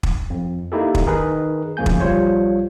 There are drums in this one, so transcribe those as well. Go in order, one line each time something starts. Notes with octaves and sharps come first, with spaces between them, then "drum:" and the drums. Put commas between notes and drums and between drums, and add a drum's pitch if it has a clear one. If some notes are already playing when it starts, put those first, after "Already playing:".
drum: kick
F2
A#3 D#4 E4 G4 A4
drum: kick
D#3 D#4 G#4 A#4 B4
D2 C#3 F3 A#3 G#5 G6
drum: kick
A#1 G3 F4 C5 C#5